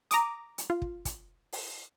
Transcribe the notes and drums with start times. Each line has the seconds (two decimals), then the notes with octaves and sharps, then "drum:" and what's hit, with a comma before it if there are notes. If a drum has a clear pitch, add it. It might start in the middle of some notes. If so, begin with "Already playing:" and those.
0.11 A#5 D6 D#6, drum: hi-hat
0.58 drum: hi-hat
0.70 F4
0.82 drum: kick
1.05 drum: kick, hi-hat
1.53 drum: open hi-hat